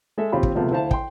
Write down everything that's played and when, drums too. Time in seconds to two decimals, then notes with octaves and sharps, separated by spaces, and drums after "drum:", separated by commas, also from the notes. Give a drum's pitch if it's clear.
0.18 G#3 A4 E5
0.32 D#2 C4 F4 G4 B5
0.43 drum: kick
0.55 C#2 C3 F3 A3 B3
0.71 D2 E4 C5 F5 A5
0.91 G5 C6, drum: kick